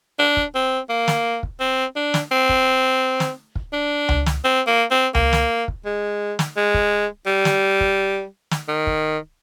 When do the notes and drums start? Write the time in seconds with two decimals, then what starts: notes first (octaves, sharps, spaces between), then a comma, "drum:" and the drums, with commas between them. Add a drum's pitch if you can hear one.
0.19 D4
0.37 drum: kick
0.55 C4
0.89 A#3
1.08 drum: snare
1.43 drum: kick
1.60 C4
1.96 D4
2.14 drum: snare
2.32 C4
2.49 drum: kick
3.20 drum: snare
3.56 drum: kick
3.73 D4
4.09 drum: tom C#2
4.26 drum: snare
4.45 C4
4.67 A#3
4.91 C4
5.15 A#3, drum: tom C#2
5.33 drum: snare
5.68 drum: kick
5.85 G#3
6.39 drum: snare
6.57 G#3
6.74 drum: kick
7.27 G3
7.45 drum: snare
7.81 drum: kick
8.51 drum: snare
8.69 D#3
8.87 drum: kick